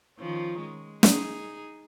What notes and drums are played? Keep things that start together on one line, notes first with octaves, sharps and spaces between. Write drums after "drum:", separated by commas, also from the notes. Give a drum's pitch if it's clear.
D#3 F3 C#4
G#3
D#4 G#4, drum: snare